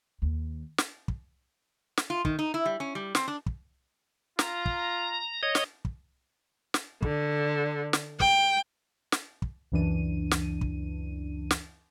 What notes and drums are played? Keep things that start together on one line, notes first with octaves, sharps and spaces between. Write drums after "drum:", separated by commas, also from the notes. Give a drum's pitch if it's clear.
D#2
drum: snare
drum: kick
drum: snare
F4
D#3, drum: kick
D#4
E4
G3
C#4
G3
C4, drum: snare
D4
drum: kick
F4 A#5, drum: snare
drum: kick
C#5 D#5 D#6
drum: snare
drum: kick
drum: snare
D3, drum: kick
drum: snare
G5, drum: kick
drum: snare
drum: kick
C#2 F#2 E3 D4 D#7
drum: snare
drum: kick
drum: snare